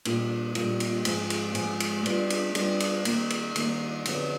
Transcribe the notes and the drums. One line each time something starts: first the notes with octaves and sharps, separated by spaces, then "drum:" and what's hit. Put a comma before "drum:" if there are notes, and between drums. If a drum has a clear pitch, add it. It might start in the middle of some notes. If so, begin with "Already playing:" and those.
A#2 G3 A#3 D4 F4, drum: cymbal
A#2 G3 A#3 D4 F4, drum: cymbal
drum: cymbal
G#2 F3 G#3, drum: cymbal
drum: cymbal
G#2 F3 G#3, drum: cymbal
drum: cymbal
G3 B3 D4 F4 G#4, drum: cymbal
drum: cymbal
G3 B3 D4 F4 G#4, drum: cymbal
drum: cymbal
D#3 G3 A#3, drum: cymbal
drum: cymbal
D#3 G3 A#3, drum: cymbal
F2 D3 F#3 B3, drum: cymbal